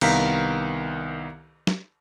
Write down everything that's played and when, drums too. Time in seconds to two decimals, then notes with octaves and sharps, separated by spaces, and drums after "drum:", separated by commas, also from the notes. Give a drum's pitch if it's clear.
0.01 C2 D#3 B3 F5 A#5 B6, drum: cymbal
1.67 drum: snare